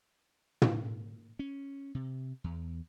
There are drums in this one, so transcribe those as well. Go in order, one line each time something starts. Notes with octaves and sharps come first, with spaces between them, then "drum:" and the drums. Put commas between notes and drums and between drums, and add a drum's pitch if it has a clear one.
drum: tom
C#4
C3
E2